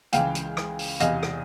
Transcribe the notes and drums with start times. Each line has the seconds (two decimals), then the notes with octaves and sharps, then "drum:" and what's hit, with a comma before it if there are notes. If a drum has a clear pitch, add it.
0.13 C#2 C#3 E3 F5 G5, drum: hi-hat
0.35 drum: hi-hat
0.57 drum: rim click
0.79 drum: open hi-hat
1.00 E2 C3 E3 D#5 F5, drum: hi-hat
1.23 drum: rim click